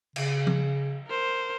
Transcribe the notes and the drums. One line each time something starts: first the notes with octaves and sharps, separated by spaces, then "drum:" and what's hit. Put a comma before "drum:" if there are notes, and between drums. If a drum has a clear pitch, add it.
C#3, drum: cymbal
drum: tom F3
A#4 C5